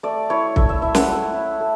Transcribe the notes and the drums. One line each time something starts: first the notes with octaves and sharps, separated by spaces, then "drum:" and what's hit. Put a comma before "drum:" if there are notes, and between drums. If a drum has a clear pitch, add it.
A3 D5
E4 C#5
A3 E5, drum: kick
E5
E4 E5
F#5, drum: snare
A3
E4
A3